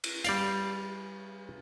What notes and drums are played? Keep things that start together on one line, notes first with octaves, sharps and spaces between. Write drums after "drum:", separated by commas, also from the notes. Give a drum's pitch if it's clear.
drum: cymbal
G3 D5 F5, drum: hi-hat